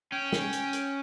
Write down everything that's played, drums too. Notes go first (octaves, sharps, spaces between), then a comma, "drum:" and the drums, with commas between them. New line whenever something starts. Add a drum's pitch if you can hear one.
C#4 G5
drum: snare
drum: hi-hat
drum: hi-hat